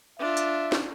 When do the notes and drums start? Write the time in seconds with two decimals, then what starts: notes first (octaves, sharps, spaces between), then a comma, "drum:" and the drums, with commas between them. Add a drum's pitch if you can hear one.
0.19 D4 F4 E5
0.37 drum: hi-hat
0.72 drum: snare